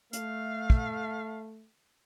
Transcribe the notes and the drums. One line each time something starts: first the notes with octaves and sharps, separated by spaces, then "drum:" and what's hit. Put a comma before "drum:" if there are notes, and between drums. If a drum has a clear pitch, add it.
A3 F5, drum: hi-hat
drum: kick